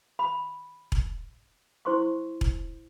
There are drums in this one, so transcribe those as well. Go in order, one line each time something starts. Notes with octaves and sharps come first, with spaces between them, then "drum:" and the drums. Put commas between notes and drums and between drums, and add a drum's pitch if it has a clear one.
B5
drum: kick E1
E4 C5 C6 C#6
drum: kick E1